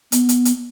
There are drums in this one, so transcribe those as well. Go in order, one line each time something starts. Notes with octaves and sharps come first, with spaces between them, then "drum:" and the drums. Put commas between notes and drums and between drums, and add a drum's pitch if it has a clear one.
B3, drum: hi-hat
drum: hi-hat
drum: hi-hat